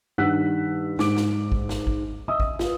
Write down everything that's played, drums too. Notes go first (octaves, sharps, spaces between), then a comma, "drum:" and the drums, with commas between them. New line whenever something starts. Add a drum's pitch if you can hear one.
G2 D#3 F#5 E6 F#6 B6
G#2 D6 D7, drum: snare
drum: snare
drum: kick
drum: snare
drum: kick
D#5 E5 D#6 E6
drum: kick
F4 B4, drum: snare